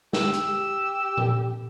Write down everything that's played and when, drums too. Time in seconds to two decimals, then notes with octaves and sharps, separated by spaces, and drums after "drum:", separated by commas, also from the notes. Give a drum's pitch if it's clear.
0.13 G4 E6, drum: snare
0.34 drum: hi-hat
1.17 drum: tom A#2